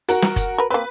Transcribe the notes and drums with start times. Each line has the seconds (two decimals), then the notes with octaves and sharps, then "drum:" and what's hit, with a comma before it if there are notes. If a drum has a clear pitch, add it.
0.08 F#4 A#4, drum: hi-hat
0.22 drum: snare
0.36 drum: kick F#1, hi-hat
0.58 A#4 B4
0.70 A#3 C4 B4